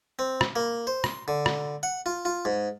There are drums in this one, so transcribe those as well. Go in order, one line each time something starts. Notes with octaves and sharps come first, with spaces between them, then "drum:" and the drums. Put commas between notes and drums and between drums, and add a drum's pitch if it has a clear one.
C4
drum: rim click
A#3
C5
C6, drum: rim click
D3
drum: rim click
F#5
F4
F4
G#2